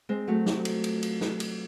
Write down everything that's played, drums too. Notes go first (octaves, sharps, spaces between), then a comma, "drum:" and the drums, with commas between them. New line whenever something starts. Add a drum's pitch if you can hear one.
G#3 C4
F#3 A3
drum: snare
drum: cymbal
drum: cymbal
drum: cymbal
drum: snare
drum: cymbal